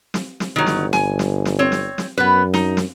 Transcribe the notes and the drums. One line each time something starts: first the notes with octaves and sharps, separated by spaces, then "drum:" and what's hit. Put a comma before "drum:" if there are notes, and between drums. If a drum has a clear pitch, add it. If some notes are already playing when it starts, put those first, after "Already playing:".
drum: snare
drum: snare
G1 D#3 F#3
drum: snare
G#5, drum: snare
drum: snare
drum: snare
C4 C#5
drum: snare
drum: snare
F#2 B3 B4
D#4, drum: snare
drum: snare